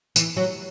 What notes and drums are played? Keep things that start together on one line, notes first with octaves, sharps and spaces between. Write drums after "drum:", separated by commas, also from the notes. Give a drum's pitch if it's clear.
E3, drum: tambourine
F#3